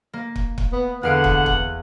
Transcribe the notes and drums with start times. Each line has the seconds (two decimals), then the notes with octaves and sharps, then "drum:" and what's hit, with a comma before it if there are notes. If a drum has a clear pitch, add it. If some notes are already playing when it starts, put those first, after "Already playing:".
0.13 A#3
0.36 drum: kick
0.58 drum: kick
0.73 B3
1.03 E2 D3 B3 F5 F#5 D7
1.24 drum: kick
1.46 drum: kick